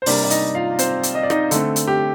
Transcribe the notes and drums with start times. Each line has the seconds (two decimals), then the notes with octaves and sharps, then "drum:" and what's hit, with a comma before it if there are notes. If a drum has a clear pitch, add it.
0.02 C5
0.06 C3 G3 A#3 D4 D5, drum: open hi-hat
0.24 D5
0.30 D#4 D#5, drum: hi-hat
0.55 F4 F5
0.79 C4 C5, drum: hi-hat
1.03 drum: hi-hat
1.15 D#5
1.23 D5
1.30 D#4 D#5, drum: rim click
1.51 D3 A3 C4 A4, drum: hi-hat
1.76 drum: hi-hat
1.87 G4